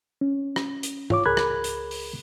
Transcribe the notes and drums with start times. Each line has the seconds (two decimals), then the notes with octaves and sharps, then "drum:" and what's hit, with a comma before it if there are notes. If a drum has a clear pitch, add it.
0.21 C#4
0.56 drum: rim click
0.83 drum: hi-hat
1.10 F4 C#5 D6, drum: tom
1.26 C#2 G#4 A#4 B5 F#6 G#6
1.37 drum: rim click
1.64 drum: hi-hat
1.91 drum: open hi-hat